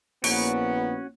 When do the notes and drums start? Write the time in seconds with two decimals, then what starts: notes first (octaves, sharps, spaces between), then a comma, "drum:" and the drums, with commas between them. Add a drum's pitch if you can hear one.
0.24 A#1 A#3 B3 C#4 E4 F#4, drum: open hi-hat